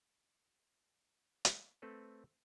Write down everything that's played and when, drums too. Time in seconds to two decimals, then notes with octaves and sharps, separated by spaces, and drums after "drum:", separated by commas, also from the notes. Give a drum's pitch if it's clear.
1.45 drum: hi-hat
1.82 A3 C4 A4 B4